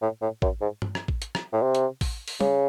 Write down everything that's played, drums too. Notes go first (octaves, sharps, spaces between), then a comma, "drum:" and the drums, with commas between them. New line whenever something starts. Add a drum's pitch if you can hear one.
A2
A2
F#2, drum: kick
G#2
drum: tom G2
drum: rim click
drum: kick
drum: hi-hat
drum: rim click
A2
C3
drum: hi-hat
drum: kick, open hi-hat
drum: open hi-hat
C#3, drum: tom